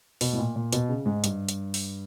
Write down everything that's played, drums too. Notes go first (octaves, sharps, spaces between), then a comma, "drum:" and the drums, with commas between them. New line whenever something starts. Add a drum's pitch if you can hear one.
B2, drum: open hi-hat
A2
A#2
A#2
B2, drum: hi-hat
C#3
G#2
G2, drum: hi-hat
drum: hi-hat
drum: open hi-hat